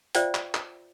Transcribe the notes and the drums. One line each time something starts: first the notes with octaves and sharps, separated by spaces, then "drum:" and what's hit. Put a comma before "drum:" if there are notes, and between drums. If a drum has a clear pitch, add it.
F4 C5 D5 E5 F5 G5, drum: hi-hat
drum: clap
drum: clap